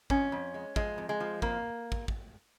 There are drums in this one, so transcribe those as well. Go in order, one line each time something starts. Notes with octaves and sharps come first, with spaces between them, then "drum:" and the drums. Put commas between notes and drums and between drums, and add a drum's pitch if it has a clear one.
F2 C#4, drum: kick
F2
G#3
F3 G#3, drum: kick
F2
G#3
F3
F2 A#3, drum: kick
drum: kick
drum: kick